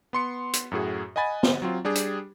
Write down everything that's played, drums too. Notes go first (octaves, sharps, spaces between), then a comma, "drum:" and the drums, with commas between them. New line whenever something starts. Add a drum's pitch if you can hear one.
B3 C6 C#7
drum: hi-hat
F#2 A2 F#4 G#4
D#5 F#5 G#5 B5 A6
drum: snare
F#3 C4 F4
G3 D4 G4 G#4
drum: hi-hat